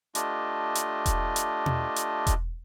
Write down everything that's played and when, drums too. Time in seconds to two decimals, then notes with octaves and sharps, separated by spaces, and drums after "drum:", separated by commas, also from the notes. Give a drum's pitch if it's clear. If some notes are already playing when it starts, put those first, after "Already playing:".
0.15 A3 D4 F4 G4 D#5, drum: hi-hat
0.75 drum: hi-hat
1.06 drum: kick E1, hi-hat
1.36 drum: hi-hat
1.66 drum: tom B2
1.96 drum: hi-hat
2.27 drum: kick E1, hi-hat